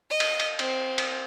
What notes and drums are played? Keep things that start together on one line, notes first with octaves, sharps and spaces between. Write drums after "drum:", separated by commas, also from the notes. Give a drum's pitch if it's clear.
D#5
drum: cymbal
drum: cymbal
C4, drum: cymbal
drum: cymbal